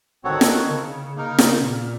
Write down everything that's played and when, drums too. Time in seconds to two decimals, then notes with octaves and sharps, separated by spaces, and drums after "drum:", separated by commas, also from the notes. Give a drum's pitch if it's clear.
0.24 D#3 C4 F#4 A4 C#5 F#5
0.41 drum: snare
0.69 C#3
1.15 C#3 A#3 D#4 A#4
1.38 drum: snare
1.61 A#2